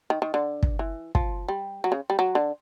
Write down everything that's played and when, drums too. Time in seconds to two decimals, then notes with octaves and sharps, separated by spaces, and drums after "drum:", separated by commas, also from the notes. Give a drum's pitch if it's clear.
0.10 D#3
0.22 D#3
0.34 D3
0.63 drum: kick
0.79 E3
1.15 F3, drum: kick
1.48 G3
1.84 F#3
1.92 C#3
2.10 G3
2.19 F#3
2.35 D3